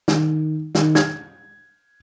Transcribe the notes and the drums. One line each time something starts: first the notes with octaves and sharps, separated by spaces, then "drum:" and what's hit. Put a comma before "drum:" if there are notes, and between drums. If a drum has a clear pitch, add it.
D#3, drum: snare
D#3, drum: snare
G#6, drum: snare